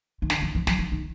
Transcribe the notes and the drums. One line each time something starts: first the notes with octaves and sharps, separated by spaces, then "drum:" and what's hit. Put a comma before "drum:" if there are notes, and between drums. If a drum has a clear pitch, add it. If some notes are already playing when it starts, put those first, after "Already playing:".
D#3
D3, drum: snare
E3
E3
F3, drum: snare
E3
D#3